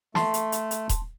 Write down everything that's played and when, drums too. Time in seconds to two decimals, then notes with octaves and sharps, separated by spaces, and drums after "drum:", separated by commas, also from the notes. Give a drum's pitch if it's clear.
0.15 A3 A5 C6, drum: snare
0.34 drum: hi-hat
0.52 drum: hi-hat
0.71 drum: hi-hat
0.89 drum: kick D#1, hi-hat